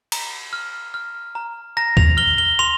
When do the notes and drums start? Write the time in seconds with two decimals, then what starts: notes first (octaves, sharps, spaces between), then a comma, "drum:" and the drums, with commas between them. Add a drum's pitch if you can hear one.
0.12 A#5, drum: cymbal
0.53 F6
0.94 F6
1.35 A#5
1.77 A#5 A#6
1.97 F7, drum: kick
2.17 F6 G7
2.38 G7
2.59 C6 F7